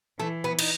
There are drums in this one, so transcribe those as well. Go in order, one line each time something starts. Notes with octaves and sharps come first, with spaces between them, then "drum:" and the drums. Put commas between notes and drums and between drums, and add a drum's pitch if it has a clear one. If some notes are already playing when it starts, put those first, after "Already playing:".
E3 A3
B3
D#4, drum: cymbal